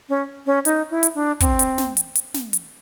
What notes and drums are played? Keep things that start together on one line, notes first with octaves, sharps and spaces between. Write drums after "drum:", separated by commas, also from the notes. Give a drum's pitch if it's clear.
C#4
C#4
D#4, drum: hi-hat
E4
drum: hi-hat
D4
C4, drum: kick, hi-hat
drum: hi-hat
drum: snare
drum: hi-hat
drum: hi-hat
drum: snare
drum: hi-hat